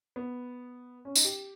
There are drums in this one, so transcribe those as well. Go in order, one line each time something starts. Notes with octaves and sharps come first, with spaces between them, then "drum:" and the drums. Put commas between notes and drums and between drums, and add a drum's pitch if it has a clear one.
B3
C#4
D#4, drum: tambourine
G4